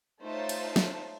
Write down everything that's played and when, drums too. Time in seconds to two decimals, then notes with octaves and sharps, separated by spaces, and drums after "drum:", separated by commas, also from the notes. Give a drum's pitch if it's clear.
0.23 A3 D#4 F4 C5 C#5 A5
0.49 drum: cymbal
0.76 drum: snare